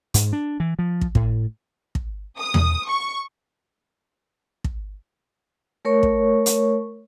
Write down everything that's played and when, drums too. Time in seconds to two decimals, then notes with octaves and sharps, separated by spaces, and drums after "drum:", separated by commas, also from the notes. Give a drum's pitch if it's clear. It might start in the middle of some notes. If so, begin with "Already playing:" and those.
0.14 G#2, drum: hi-hat
0.33 D4
0.60 E3
0.79 F3
1.01 drum: kick
1.15 A2, drum: kick
1.95 drum: kick
2.39 D#6
2.54 drum: tom E2
2.89 C#6
4.64 drum: kick
5.85 A3 A#4 C#5 C#6
6.03 drum: kick
6.46 drum: hi-hat